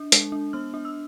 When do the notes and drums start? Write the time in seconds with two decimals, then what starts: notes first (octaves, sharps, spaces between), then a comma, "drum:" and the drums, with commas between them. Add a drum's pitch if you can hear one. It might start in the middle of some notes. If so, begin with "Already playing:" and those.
Already playing: D4
0.12 G#3, drum: hi-hat
0.32 D4
0.53 B3 F6
0.74 D4
0.85 E6